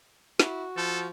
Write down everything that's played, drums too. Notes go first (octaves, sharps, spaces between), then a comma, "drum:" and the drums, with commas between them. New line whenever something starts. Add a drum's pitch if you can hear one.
E4 F#4, drum: snare
F3 A4